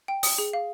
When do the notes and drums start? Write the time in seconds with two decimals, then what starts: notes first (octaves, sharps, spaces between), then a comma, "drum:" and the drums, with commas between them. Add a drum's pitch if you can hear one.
0.08 G5
0.23 D#6, drum: open hi-hat
0.38 G#4
0.53 F5